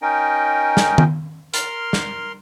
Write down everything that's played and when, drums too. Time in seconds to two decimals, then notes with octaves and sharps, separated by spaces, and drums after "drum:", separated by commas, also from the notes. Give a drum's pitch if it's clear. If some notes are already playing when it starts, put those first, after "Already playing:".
0.02 C#4 D#4 A#4 D#5 G5
0.77 drum: snare
0.98 drum: tom D#3
1.54 A#4 C6 F6, drum: hi-hat
1.93 drum: snare